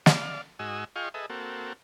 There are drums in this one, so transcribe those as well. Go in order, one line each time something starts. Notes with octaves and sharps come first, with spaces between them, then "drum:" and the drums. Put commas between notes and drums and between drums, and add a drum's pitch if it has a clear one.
D5 F5, drum: snare
G#2 F#4 D#5 G#5 E6
F4 G#4 D#5 F5 G5 C#6
G#4 A4 B4 D#5 E5
A#3 C4 F#4 A4